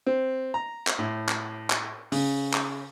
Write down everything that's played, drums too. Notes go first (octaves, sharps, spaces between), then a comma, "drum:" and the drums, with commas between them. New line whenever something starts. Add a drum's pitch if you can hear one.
C4
A#5
drum: clap
A2
drum: clap
drum: clap
C#3, drum: open hi-hat
drum: clap